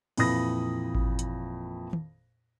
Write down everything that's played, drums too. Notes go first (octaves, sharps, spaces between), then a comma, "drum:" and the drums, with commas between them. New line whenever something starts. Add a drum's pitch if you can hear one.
F2 A#2 E3 B5 D#6 A#6, drum: cymbal
drum: kick G#1
drum: hi-hat
drum: tom